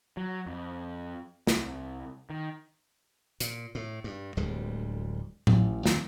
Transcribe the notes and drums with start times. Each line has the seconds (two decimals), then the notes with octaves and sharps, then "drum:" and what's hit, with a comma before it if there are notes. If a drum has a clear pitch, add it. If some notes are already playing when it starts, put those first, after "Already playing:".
0.17 F#3
0.46 F2
1.47 C2, drum: snare
2.30 D#3
3.40 A#2, drum: hi-hat
3.75 A2
4.04 G2
4.37 D1 D2 G3 G#3
5.47 A1, drum: tom A2
5.86 F2 D#3 F#3, drum: snare